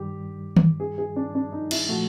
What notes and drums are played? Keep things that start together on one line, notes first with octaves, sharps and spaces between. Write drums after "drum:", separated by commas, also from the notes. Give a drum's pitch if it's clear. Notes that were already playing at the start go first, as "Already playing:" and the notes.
Already playing: G2 D#3 G3 G4
drum: tom D#3
G#4
G#4
D4
D4
D#4
E4, drum: cymbal
A#2 F3 A3 F#4